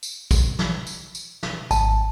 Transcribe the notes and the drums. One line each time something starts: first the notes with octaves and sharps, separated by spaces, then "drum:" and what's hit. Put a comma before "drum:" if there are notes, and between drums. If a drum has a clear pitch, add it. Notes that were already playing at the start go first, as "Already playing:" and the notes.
drum: tambourine
drum: kick, tambourine
drum: snare
drum: tambourine
drum: tambourine
drum: snare
G#1 A5, drum: tambourine